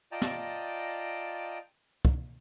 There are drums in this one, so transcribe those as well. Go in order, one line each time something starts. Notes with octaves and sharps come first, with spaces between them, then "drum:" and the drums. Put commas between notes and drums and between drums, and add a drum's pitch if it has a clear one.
F4 D5 D#5 G5 A5 A#5
drum: snare
drum: kick